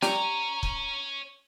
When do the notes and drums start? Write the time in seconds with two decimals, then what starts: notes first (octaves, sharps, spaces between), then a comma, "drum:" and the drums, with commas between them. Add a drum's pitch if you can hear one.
0.02 G4 C#5 D5 G#5 A#5, drum: snare
0.63 drum: kick